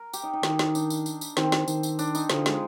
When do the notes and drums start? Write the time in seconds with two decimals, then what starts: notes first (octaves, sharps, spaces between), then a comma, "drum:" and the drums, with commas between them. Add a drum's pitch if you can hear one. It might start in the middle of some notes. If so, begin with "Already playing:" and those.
Already playing: A#4
0.13 G4, drum: tambourine
0.23 D#4
0.33 D#4
0.43 D#3, drum: snare
0.59 drum: snare
0.75 D4, drum: tambourine
0.90 drum: tambourine
1.06 drum: tambourine
1.21 drum: tambourine
1.37 D#3 C4, drum: snare
1.52 drum: snare
1.68 D#3, drum: tambourine
1.83 drum: tambourine
1.99 D4, drum: tambourine
2.15 D#4, drum: tambourine
2.30 D3 F3, drum: snare
2.46 G#3, drum: snare